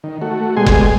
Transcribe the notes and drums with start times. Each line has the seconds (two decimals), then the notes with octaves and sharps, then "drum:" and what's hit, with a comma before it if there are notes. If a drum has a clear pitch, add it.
0.04 D#3
0.22 A3 F#4
0.57 B2 G3 G#3 G#4 G#5 C6
0.66 drum: kick F#1